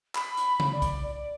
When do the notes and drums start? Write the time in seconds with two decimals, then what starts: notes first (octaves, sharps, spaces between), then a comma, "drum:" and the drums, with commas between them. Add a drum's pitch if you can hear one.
0.15 B5, drum: clap
0.37 drum: hi-hat
0.60 drum: tom C#3
0.73 D5
0.82 drum: kick B1, hi-hat
1.08 D5